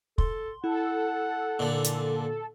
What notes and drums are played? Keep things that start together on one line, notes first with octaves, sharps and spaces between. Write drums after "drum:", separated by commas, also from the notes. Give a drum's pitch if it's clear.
A4 C6, drum: kick
E4 A4 F#5
A#2 D3
drum: hi-hat